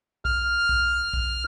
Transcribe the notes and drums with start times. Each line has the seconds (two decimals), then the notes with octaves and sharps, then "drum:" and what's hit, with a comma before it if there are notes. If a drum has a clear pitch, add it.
0.25 F6, drum: kick B1
0.69 drum: kick B1
1.13 drum: kick B1